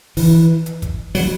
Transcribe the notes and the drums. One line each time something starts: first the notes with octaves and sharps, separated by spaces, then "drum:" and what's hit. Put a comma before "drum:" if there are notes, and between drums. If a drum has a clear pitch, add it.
E3, drum: open hi-hat
drum: hi-hat
drum: kick, hi-hat
F#3, drum: open hi-hat